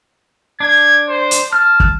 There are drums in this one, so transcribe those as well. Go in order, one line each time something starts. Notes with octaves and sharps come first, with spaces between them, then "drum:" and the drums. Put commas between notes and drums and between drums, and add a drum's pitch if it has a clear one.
D4 G#6
C5
drum: hi-hat
A5 F6
drum: kick